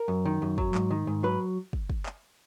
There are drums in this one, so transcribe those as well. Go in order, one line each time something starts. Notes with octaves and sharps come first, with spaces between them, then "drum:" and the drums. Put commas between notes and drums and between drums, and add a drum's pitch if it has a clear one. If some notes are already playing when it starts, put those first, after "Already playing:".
Already playing: A#4
F#2
D#3
F#2
F#3, drum: kick
G#2, drum: clap
D#3
G#2
F#3 B4
drum: kick
drum: kick
drum: clap